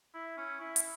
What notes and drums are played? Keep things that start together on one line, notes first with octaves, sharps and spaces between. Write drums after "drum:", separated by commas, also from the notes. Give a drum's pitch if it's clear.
E4
C#4
E4
drum: hi-hat